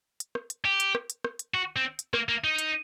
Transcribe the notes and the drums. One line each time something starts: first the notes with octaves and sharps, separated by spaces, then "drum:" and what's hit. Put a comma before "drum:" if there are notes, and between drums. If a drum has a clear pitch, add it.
drum: hi-hat
drum: rim click
drum: hi-hat
G4
drum: hi-hat
drum: rim click
drum: hi-hat
drum: rim click
drum: hi-hat
F#4
C4
drum: hi-hat
A#3, drum: rim click
A#3
D#4
drum: hi-hat